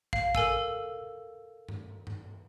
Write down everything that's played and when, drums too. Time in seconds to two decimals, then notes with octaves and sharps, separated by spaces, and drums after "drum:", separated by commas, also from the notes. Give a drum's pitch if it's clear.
0.13 F5, drum: kick
0.35 A4 A#4 G#5 E6, drum: kick
1.68 drum: tom G2
2.07 drum: tom G2